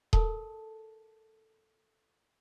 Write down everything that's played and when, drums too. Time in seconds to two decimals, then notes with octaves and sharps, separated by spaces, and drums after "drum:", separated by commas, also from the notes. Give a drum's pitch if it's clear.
0.13 A4 A#4 A5, drum: kick D#1